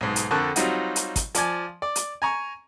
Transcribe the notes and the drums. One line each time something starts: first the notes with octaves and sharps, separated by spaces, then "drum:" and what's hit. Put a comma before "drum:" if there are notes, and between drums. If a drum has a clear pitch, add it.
B1 G#2
drum: hi-hat
F2 D3 A#4 A5 C#6 F#6
F#3 G3 C4 D#4 F4 F#4, drum: hi-hat
drum: hi-hat
drum: kick, hi-hat
F3 D5 G#5, drum: hi-hat
D5
drum: hi-hat
G#5 A#5 C#6